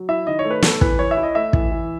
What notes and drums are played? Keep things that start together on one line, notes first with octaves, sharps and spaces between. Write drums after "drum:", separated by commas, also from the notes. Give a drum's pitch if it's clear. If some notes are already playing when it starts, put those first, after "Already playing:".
Already playing: F#3
E4 E5
D#3 D#5
C#5
A3
B4
B3 A4, drum: snare
E3 B4, drum: kick
E3 C#5
E5
E4
D#5
A3 E5
E3, drum: kick
E3